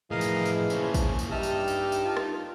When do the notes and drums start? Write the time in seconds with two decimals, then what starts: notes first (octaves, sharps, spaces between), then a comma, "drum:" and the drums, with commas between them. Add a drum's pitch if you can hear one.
0.11 A2 E3 F3 G#4 A#4 D#5 F5
0.21 drum: tambourine
0.45 drum: tambourine
0.70 F3 A#3 C#4 E4, drum: tambourine
0.94 drum: kick, tambourine
1.19 drum: tambourine
1.31 G2 D#4 G4 D#5 E5 A5 F6
1.43 drum: tambourine
1.68 drum: tambourine
1.92 drum: tambourine
2.05 F4
2.17 drum: rim click